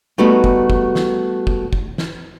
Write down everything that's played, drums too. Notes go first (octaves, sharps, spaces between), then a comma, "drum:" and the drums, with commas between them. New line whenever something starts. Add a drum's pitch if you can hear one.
G3 A3 B3 D#4 F#4 G4
drum: kick
drum: kick
drum: snare
drum: kick
drum: kick
drum: snare